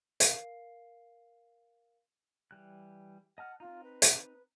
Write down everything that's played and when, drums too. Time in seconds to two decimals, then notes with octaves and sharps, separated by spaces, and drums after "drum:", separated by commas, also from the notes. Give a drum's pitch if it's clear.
0.20 A#4 F5 C7, drum: hi-hat
2.51 E3 G3 F#6
3.38 D#5 F#5 A5 F6
3.60 C4 D#4 F4
3.83 B4
4.02 drum: hi-hat